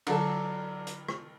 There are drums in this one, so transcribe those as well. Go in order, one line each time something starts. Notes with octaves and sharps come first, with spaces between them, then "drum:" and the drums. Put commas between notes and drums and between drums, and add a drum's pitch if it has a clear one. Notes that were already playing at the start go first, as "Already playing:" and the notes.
D3 F#3 D4 A4, drum: cymbal
drum: hi-hat
drum: rim click